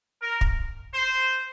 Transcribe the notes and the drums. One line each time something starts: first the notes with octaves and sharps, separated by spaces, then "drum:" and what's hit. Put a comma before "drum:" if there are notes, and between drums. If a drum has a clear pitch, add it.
A#4
drum: kick
C5